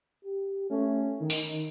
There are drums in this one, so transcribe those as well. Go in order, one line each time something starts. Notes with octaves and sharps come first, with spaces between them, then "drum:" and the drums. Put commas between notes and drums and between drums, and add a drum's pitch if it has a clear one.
G4
A3 C#4
D#3 D#4
drum: open hi-hat